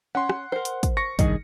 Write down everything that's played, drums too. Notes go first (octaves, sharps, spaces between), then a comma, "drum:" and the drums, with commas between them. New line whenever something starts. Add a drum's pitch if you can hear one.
C#4 F#5 C6
drum: rim click
A#4 C5
drum: hi-hat
drum: kick, hi-hat
C#6 A#6 C#7
C2 G2 D#3 G#4 D#5, drum: kick, hi-hat